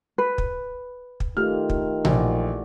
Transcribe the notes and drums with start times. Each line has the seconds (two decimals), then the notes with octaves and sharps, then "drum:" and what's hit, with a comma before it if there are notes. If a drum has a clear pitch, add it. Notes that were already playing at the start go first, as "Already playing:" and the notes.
0.18 B4
0.38 drum: kick
1.20 drum: kick
1.37 D#3 A3 F4 G4 F6
1.70 drum: kick
2.05 A#1 E3 F#4 D5, drum: tom B2